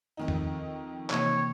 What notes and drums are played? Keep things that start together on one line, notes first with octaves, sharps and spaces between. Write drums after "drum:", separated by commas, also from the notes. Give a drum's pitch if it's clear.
F2 D#3 D#4
drum: tom E2
C3 E3 A#3 C#5, drum: clap